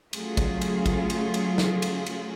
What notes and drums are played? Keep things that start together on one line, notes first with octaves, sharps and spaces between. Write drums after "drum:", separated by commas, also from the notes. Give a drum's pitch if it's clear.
F#3 A3 C#4 F4 G#4, drum: cymbal
drum: kick, cymbal
drum: cymbal
drum: kick, cymbal
drum: cymbal
drum: cymbal
drum: snare
drum: cymbal
drum: cymbal